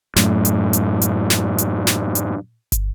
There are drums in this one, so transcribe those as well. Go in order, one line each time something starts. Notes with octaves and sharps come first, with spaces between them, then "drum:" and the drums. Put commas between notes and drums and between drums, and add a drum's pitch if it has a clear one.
F#2 A2, drum: snare
drum: hi-hat
drum: hi-hat
drum: hi-hat
drum: snare
drum: hi-hat
drum: snare
drum: hi-hat
drum: kick, hi-hat